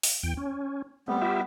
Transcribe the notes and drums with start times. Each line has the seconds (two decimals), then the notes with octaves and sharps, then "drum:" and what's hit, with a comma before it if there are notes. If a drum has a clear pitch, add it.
0.03 drum: open hi-hat
0.23 E2 G5
0.37 C#4
1.08 G3 A3 B3 C4
1.22 F4 G4 E5